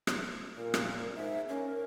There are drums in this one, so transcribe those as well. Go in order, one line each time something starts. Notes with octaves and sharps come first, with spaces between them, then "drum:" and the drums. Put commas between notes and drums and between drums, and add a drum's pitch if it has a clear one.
drum: rim click
A#2 A#4
drum: rim click
G#2 E5
C#4 A#4